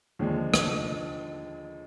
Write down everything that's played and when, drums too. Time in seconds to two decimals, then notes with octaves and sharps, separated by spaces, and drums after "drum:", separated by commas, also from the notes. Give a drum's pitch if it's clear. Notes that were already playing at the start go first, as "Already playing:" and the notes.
0.19 D#2 D3 F3 G#3 D4
0.54 drum: rim click